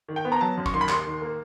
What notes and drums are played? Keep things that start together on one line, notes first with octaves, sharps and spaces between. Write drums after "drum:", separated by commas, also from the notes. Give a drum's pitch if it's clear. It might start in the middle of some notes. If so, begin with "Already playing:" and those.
D#3
G5
B3
A#5
F#3 A5
F#2
C#6, drum: kick
D#3 C6
B5
D#2 C6, drum: clap
D#3
A#3